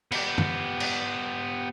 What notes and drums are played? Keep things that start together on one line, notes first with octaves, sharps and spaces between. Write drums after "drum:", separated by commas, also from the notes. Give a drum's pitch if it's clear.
B3 G4, drum: cymbal
drum: tom
drum: cymbal